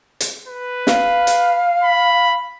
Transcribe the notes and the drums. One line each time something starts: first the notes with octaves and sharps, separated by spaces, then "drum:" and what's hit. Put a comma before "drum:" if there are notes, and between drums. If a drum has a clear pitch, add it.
drum: hi-hat
B4
F5, drum: snare
drum: hi-hat
B5